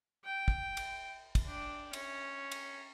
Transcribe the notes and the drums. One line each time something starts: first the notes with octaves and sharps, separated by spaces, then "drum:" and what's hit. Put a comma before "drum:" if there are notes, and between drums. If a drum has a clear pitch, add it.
G5
drum: kick
drum: cymbal
drum: kick, cymbal
D4 G5
C#4, drum: cymbal
drum: cymbal